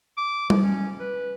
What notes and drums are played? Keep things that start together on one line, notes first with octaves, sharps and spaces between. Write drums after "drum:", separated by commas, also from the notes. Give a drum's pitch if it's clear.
D6
F3, drum: tom G3
C#4
B4